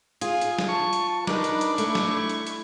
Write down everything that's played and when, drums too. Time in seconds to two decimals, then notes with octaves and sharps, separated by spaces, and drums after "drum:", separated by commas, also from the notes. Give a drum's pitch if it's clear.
0.21 F4 G#4, drum: hi-hat
0.41 drum: hi-hat
0.59 drum: snare
0.69 A5 C#6
0.93 drum: hi-hat
1.27 D4 D#4 A#4 B4, drum: snare
1.44 drum: hi-hat
1.61 drum: hi-hat
1.78 A3 E4 C#6, drum: hi-hat
1.95 drum: snare
2.29 drum: hi-hat
2.47 drum: hi-hat